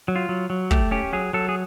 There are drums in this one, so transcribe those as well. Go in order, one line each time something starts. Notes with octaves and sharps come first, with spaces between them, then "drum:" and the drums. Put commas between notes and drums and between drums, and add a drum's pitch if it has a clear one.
F#3
F4
F#3
F#3
A3 G4, drum: kick
C#4 G4
F#3 G#4
F#3 A4
G#4